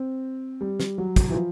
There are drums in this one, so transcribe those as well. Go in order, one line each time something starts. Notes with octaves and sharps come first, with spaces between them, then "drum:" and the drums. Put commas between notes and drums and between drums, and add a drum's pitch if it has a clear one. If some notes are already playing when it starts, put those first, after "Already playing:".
Already playing: C4
G3
drum: snare
F#3
drum: kick, hi-hat
E3
F3